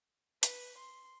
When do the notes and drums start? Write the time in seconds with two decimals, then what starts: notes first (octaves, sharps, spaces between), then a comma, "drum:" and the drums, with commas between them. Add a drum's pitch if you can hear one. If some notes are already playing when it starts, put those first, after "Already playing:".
0.43 B4, drum: hi-hat
0.78 C6